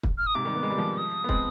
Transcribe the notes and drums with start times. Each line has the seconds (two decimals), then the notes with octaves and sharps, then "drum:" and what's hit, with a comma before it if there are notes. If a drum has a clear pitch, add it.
0.03 drum: kick
0.18 F6
0.26 D#6
0.35 G#2 C3 D6
0.45 D#3 G3
0.55 B3
0.63 G#3
0.70 G3
0.77 F3 G#3
0.97 D#6
1.24 B3
1.29 G#3 C4, drum: kick